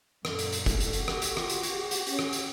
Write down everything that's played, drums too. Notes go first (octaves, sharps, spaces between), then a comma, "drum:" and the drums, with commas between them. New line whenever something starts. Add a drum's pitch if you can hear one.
F#2 A#2 A4, drum: rim click
drum: hi-hat
drum: hi-hat
drum: kick, hi-hat
drum: hi-hat
F#4 G4, drum: hi-hat
drum: rim click
drum: hi-hat
F4, drum: rim click
drum: hi-hat
drum: hi-hat
G#4
drum: hi-hat
C#4, drum: hi-hat
drum: rim click
drum: hi-hat